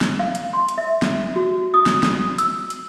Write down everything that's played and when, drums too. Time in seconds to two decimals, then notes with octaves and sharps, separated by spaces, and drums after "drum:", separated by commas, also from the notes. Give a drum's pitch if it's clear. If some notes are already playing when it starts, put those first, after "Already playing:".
0.01 drum: snare
0.19 F5
0.35 drum: hi-hat
0.53 C6
0.68 drum: hi-hat
0.78 E5
1.02 drum: snare
1.36 F#4
1.74 D#6
1.86 drum: snare
2.03 drum: snare
2.38 E6, drum: hi-hat
2.70 drum: hi-hat